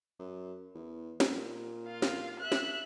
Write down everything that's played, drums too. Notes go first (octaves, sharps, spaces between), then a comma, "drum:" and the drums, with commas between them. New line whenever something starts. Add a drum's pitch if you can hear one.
F#2
E2
A#2, drum: snare
F4 F5
drum: snare
E5 F#6
drum: snare